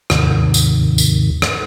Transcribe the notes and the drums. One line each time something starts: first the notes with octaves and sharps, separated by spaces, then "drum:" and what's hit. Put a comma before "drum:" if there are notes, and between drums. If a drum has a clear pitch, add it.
D#2 G#2 C3 D#3, drum: rim click
drum: tambourine
drum: tambourine
drum: rim click